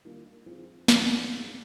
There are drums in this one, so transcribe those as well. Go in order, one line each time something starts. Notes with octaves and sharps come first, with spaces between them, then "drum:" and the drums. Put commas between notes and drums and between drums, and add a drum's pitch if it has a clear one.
D#3 G3 A#3 D4 F4
F3 C4 F4 G#4
A#2 F3 C4, drum: snare
A#2 G#3 D#4 G#4